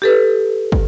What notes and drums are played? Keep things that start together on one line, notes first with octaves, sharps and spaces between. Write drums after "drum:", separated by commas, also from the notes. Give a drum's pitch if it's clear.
G4 A4 B4
drum: kick